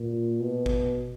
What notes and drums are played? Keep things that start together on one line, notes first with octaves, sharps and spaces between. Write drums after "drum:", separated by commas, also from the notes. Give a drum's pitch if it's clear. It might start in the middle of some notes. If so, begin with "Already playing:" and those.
Already playing: A#2
B2
drum: kick